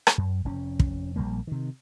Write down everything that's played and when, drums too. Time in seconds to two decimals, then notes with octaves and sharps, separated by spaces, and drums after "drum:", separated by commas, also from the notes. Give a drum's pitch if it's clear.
0.07 drum: rim click
0.18 F#2
0.45 F1 C#4
0.80 drum: kick
1.16 A#1 F#2 G3 A#3
1.47 C3 D#3